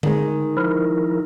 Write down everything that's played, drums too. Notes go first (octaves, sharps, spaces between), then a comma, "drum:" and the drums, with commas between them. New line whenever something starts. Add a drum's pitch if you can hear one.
D#3 G#3, drum: tom D3
F3 E4 A#4